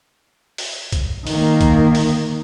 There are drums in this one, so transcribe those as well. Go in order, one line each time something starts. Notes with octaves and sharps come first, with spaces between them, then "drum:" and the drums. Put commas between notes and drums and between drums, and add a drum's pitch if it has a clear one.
drum: open hi-hat
drum: kick, hi-hat
D#3 A#3, drum: open hi-hat
drum: kick, hi-hat
drum: open hi-hat